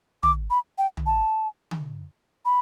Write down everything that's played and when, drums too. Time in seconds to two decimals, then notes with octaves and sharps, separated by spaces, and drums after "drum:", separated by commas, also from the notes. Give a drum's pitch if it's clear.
0.23 D6, drum: tom
0.50 B5
0.78 G5
0.97 drum: tom
1.06 A5
1.71 drum: tom D3
2.45 B5